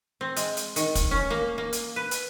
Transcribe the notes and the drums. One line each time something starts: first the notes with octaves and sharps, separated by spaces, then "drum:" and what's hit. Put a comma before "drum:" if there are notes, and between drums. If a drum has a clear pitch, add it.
C4
G#3, drum: hi-hat
drum: hi-hat
D#3, drum: hi-hat
drum: kick, hi-hat
C#4
A#3
A#3
drum: hi-hat
B4
drum: hi-hat